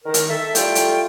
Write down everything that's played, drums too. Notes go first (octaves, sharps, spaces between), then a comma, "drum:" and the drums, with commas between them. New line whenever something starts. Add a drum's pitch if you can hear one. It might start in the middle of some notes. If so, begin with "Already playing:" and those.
D#3 A#4
drum: hi-hat
A4 E5
G3 A3 F4 F5 G5, drum: hi-hat
drum: hi-hat